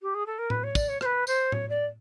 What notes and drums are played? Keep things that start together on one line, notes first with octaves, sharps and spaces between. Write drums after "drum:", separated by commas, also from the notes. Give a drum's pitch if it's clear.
G4
G#4
A4
A#4
B4, drum: tom A2
C#5
D5, drum: kick, tambourine
C#5
C5, drum: rim click
B4
C5, drum: tambourine
C#5, drum: tom A2
D5